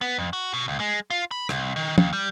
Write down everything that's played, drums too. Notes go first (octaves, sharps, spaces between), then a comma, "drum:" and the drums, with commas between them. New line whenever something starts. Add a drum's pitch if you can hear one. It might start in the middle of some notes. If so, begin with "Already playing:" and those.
B3
F2
F#4
B2
C#2
G#3
F4
B5
C2, drum: rim click
D#3
D#2, drum: tom
G3